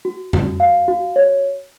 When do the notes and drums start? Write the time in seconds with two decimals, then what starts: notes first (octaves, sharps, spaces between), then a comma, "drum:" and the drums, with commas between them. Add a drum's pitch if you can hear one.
0.05 F#4
0.33 F#4, drum: tom F2
0.60 F5
0.88 F#4
1.16 C#5